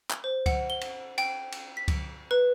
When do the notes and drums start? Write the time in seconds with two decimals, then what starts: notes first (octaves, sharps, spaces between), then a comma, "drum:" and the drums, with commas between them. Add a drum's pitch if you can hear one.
0.10 drum: clap
0.24 C5
0.46 F#5, drum: kick C#2, cymbal
0.70 G7
0.81 drum: cymbal
1.18 G5, drum: cymbal
1.52 drum: cymbal
1.77 B6
1.88 drum: kick C#2, cymbal
2.31 B4